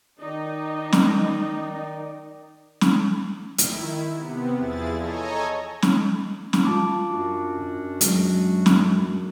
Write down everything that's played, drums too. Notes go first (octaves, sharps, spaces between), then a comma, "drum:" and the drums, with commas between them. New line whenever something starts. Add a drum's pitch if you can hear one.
D#3 D#4 D5
drum: snare
drum: snare
D#3 E4, drum: hi-hat
C3 B3
E2 F3 E4 G#4 A6
A4 C#5 D#5 G#5 A#5
drum: snare
drum: snare
F4 A5 D6
F#2 D4 F#4
F#3 G#3, drum: hi-hat
drum: snare